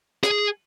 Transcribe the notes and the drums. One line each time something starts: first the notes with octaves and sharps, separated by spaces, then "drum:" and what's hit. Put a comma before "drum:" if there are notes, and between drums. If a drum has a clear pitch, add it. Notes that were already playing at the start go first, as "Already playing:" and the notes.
G#4, drum: snare